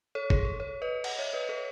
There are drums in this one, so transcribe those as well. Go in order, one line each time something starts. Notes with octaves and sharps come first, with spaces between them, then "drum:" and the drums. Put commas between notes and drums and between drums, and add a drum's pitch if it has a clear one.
A4 C#5
G#4, drum: kick
A4
A4 C#5
B4 D#5
D#5 F#5, drum: cymbal
C#5 E5
B4 D#5
A4 C#5